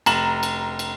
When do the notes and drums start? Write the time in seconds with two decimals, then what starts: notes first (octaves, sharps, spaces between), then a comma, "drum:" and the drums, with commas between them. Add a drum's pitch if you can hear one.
0.06 F1 A#5 E7 F#7, drum: cymbal
0.43 drum: cymbal
0.79 drum: cymbal